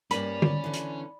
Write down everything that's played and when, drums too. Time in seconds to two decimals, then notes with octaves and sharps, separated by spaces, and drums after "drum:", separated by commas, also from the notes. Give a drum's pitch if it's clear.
0.11 G2 A#3 C#4 D5 B5, drum: hi-hat
0.42 drum: tom D3
0.64 D3 E3
0.74 drum: hi-hat